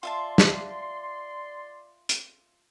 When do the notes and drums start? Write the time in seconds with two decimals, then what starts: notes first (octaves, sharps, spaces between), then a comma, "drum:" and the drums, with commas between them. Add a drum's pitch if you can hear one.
0.03 F4 D5 E5 A5 C6
0.38 drum: snare
2.09 drum: hi-hat